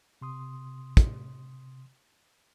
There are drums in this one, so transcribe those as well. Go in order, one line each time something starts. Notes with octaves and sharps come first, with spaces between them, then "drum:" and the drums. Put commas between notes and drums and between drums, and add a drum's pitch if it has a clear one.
C3 C6 D#6
drum: kick, hi-hat